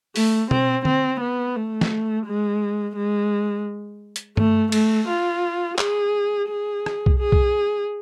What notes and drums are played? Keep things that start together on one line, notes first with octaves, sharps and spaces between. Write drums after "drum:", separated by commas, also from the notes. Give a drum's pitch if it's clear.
A3, drum: open hi-hat
C4, drum: tom B2
C4, drum: tom D3
B3
A3
drum: snare
G#3
G#3
drum: hi-hat
A3, drum: tom G2
A3, drum: cymbal
F4
G#4, drum: clap
G#4
drum: rim click
drum: kick B1
G#4
drum: kick B1